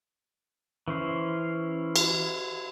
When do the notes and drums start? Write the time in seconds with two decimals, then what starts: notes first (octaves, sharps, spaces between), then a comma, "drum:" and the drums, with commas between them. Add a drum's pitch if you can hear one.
0.88 E3 C#4 C5
1.96 drum: cymbal